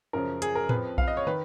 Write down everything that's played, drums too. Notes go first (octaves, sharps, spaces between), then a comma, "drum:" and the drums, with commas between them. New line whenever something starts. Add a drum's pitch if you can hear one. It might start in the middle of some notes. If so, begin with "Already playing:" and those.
F#2 C#3 F3 A#4
G#4, drum: hi-hat
A#4
F2 F3 B4, drum: tom A2
F5, drum: kick A#1
D#5
C#5
D#3 B4